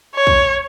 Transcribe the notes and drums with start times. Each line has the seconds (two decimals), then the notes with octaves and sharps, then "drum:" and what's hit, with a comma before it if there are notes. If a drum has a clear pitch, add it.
0.15 C#5
0.27 drum: kick